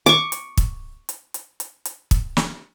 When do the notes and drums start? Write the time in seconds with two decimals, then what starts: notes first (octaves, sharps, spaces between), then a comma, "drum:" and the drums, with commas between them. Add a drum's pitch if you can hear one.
0.06 C#6 D6, drum: hi-hat
0.32 drum: hi-hat
0.57 drum: kick, hi-hat
1.09 drum: hi-hat
1.34 drum: hi-hat
1.60 drum: hi-hat
1.85 drum: hi-hat
2.11 drum: kick, hi-hat
2.37 drum: snare